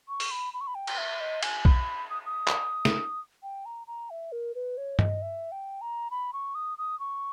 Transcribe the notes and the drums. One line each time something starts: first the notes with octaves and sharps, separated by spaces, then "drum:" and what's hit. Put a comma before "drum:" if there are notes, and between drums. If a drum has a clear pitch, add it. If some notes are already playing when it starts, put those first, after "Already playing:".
C#6
drum: open hi-hat
B5
B5
C#6
B5
G5
drum: cymbal
E5
D#5
G#5, drum: cymbal
B5, drum: kick B1
D#6
D#6
drum: clap
drum: snare
G5
A#5
A#5
E5
A#4
B4
C#5
D#5, drum: tom G2
E5
G5
A#5
B5
C#6
D#6
D#6
C#6